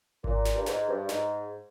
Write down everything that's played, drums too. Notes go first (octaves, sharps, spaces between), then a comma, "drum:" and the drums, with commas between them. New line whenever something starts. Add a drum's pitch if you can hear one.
A#2, drum: kick G#1
drum: snare
G2
G#2, drum: snare
G2
G#2, drum: snare